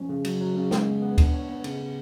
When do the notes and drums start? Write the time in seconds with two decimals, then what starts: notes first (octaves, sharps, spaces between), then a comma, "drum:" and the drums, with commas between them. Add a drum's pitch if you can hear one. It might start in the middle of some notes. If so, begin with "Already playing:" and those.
Already playing: F3 C#4
0.09 C#3
0.25 F#3, drum: cymbal
0.41 F#3
0.56 C#3
0.71 G#3, drum: snare
0.87 B3
1.02 B3
1.18 D4, drum: kick D2, cymbal
1.34 C#5
1.49 B3
1.64 C#3, drum: cymbal
1.80 C#3